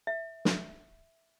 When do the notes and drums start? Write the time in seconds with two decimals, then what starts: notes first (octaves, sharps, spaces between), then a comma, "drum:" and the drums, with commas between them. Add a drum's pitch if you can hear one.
0.07 E5
0.45 drum: snare